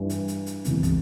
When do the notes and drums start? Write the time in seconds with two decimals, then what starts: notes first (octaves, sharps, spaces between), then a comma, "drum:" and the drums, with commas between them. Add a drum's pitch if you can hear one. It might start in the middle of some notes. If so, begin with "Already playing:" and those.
Already playing: G2 E3 G3 D4
0.10 drum: hi-hat
0.28 drum: hi-hat
0.46 drum: hi-hat
0.65 E1 E2 C3, drum: hi-hat
0.83 drum: kick, hi-hat